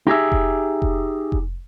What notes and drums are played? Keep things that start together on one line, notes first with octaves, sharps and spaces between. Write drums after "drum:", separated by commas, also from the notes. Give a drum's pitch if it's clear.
D#4 G4 G#4 E5
drum: kick F1
drum: kick F1
drum: kick F1